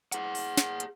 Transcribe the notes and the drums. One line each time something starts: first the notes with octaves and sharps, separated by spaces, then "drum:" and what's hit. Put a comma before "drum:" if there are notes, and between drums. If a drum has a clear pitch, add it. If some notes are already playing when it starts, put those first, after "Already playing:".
G#4 F#5, drum: hi-hat
drum: open hi-hat
drum: snare
drum: hi-hat